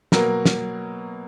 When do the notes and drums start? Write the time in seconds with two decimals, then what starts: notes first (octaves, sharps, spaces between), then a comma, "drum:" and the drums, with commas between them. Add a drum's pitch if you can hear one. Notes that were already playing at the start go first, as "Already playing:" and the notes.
0.12 B2 F#3 A#3 A#4, drum: snare
0.46 drum: snare